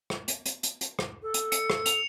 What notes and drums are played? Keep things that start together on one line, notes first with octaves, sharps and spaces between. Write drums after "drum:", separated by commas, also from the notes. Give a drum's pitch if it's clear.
drum: rim click
drum: hi-hat
drum: hi-hat
drum: hi-hat
drum: hi-hat
drum: rim click
A4
drum: hi-hat
C#7, drum: hi-hat
drum: rim click
F7, drum: hi-hat